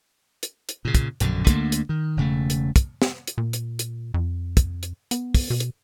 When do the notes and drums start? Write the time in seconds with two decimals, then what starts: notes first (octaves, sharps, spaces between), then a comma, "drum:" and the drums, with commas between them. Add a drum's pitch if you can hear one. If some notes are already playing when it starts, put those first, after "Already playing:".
0.43 drum: hi-hat
0.69 drum: hi-hat
0.85 A#2 C#3
0.95 drum: kick, hi-hat
1.20 A#1 F#2 B2 D3, drum: hi-hat
1.47 D2 D3 A3 A#3, drum: kick, hi-hat
1.72 drum: hi-hat
1.89 D#3
2.17 E1 C#3 A3
2.50 drum: hi-hat
2.76 drum: kick, hi-hat
3.02 drum: snare
3.27 drum: hi-hat
3.38 A#2
3.53 drum: hi-hat
3.79 drum: hi-hat
4.14 F2
4.57 drum: kick, hi-hat
4.83 drum: hi-hat
5.11 B3, drum: hi-hat
5.34 drum: kick, open hi-hat
5.50 B2
5.60 drum: hi-hat